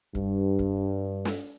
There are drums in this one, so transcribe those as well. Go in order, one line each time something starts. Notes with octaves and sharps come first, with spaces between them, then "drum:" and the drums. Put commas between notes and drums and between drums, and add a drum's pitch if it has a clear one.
G2, drum: kick
drum: kick
drum: snare